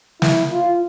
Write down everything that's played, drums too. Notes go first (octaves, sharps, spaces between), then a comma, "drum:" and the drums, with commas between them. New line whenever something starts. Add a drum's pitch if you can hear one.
E4, drum: snare
F4